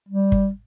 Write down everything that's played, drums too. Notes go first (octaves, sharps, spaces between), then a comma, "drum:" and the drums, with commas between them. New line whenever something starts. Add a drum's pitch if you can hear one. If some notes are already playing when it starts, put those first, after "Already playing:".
G3
drum: kick G1